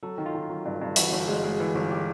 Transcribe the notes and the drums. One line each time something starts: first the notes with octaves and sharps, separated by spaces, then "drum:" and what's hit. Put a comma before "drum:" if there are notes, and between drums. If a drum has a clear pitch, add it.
F#3 A4
D#3
F4
D#3
F#3
G2
G2
E3 F#4, drum: hi-hat
G1
G#3
G#3
E3
G1
G4